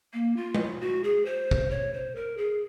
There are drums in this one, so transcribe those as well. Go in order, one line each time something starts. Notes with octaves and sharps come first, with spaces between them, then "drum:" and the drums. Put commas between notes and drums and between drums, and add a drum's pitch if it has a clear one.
A#3
F4
drum: tom G#3
F#4
G#4
C5
drum: kick
C#5
C5
A#4
G#4